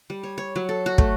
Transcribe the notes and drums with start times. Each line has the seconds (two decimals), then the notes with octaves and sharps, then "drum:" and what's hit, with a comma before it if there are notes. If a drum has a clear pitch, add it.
0.10 G3
0.23 C#5
0.38 C#5
0.56 F#3
0.69 A4
0.86 F#4
0.98 A3, drum: kick